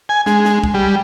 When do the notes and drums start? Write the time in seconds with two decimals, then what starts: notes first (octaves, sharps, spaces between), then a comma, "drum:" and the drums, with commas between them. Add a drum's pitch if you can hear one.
0.09 G#5
0.26 G#3, drum: snare
0.45 drum: snare
0.63 drum: kick B1
0.74 G3